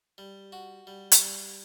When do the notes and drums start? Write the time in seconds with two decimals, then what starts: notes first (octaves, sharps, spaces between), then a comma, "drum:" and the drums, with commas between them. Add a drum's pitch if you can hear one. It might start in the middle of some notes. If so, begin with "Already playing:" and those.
0.18 G3
0.52 F#4
0.87 G3
1.12 drum: hi-hat
1.21 G3